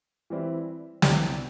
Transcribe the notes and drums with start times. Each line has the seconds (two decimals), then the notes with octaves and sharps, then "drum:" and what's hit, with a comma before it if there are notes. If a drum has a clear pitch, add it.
0.30 E3 G3 C4 E4
1.02 C2 C3 G3 D4 G4, drum: snare